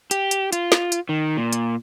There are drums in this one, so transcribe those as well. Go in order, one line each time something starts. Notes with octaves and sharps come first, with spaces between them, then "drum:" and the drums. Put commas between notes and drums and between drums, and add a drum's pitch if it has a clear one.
G4, drum: hi-hat
drum: hi-hat
F4, drum: hi-hat
drum: snare
drum: hi-hat
D#3
A#2
drum: hi-hat